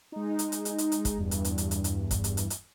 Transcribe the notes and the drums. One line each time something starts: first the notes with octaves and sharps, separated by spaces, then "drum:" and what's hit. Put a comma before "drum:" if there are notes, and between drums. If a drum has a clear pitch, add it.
G#3 D#4
drum: hi-hat
drum: hi-hat
drum: hi-hat
drum: hi-hat
drum: hi-hat
drum: kick, hi-hat
E2 G2
drum: hi-hat
drum: hi-hat
drum: hi-hat
drum: hi-hat
drum: hi-hat
drum: kick, hi-hat
drum: hi-hat
drum: hi-hat
drum: hi-hat